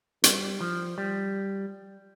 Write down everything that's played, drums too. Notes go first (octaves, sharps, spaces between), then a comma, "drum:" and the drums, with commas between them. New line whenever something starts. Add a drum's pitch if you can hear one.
G3, drum: hi-hat
F3
G3